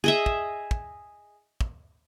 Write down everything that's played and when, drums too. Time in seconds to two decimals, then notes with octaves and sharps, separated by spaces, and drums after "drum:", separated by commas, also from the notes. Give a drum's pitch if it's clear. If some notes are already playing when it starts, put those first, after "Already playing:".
0.04 G#4 D#5 E5
0.26 drum: kick
0.71 drum: kick
1.61 drum: kick